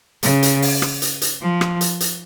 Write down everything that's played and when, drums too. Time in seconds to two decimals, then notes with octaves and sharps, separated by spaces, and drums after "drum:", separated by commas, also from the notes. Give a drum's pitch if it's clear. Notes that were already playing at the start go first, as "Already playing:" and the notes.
0.23 C#3, drum: hi-hat
0.43 drum: hi-hat
0.62 drum: open hi-hat
0.82 drum: rim click
1.02 drum: hi-hat
1.21 drum: hi-hat
1.41 F3
1.61 drum: rim click
1.81 drum: hi-hat
2.00 drum: hi-hat